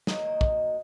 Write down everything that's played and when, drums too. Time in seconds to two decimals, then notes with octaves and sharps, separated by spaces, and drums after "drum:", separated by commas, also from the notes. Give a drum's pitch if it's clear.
0.07 D#3 F#3 A#3 D#5, drum: snare
0.41 drum: kick